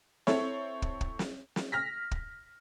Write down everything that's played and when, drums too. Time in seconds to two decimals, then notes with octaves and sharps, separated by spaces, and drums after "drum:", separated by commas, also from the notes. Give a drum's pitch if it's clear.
0.27 C4 E4 A4 C#5, drum: snare
0.82 drum: kick
1.01 drum: kick
1.19 drum: snare
1.56 drum: snare
1.72 F6 A#6 B6
2.11 drum: kick